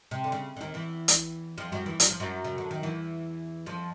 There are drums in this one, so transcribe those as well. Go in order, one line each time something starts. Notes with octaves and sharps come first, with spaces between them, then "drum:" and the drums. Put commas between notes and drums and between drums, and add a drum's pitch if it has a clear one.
C3
D3
C#3
D3
D#2 D#3
E2 E3
drum: hi-hat
F2 F3
F#2 F#3
E2 E3
F#3, drum: hi-hat
F3
F#2 F#3
C#3
D3
D#3
E2 E3
F2 F3